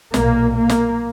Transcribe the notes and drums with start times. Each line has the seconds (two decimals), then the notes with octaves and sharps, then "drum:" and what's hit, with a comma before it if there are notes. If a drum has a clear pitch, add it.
0.14 B1 A#2 A#3, drum: snare
0.56 A#3
0.69 drum: snare